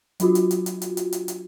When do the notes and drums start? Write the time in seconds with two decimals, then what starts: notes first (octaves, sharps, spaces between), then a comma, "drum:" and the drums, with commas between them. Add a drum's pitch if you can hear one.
0.20 F#3 D4 F4 F#4, drum: hi-hat
0.35 drum: hi-hat
0.51 drum: hi-hat
0.66 drum: hi-hat
0.82 drum: hi-hat
0.97 drum: hi-hat
1.13 drum: hi-hat
1.28 drum: hi-hat